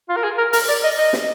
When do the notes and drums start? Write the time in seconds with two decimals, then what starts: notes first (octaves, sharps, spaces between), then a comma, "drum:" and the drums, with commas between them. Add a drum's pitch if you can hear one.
0.09 F4
0.16 A#4
0.24 G#4
0.38 A#4
0.53 A#4, drum: open hi-hat
0.68 D5
0.84 D#5
0.98 D#5
1.13 drum: snare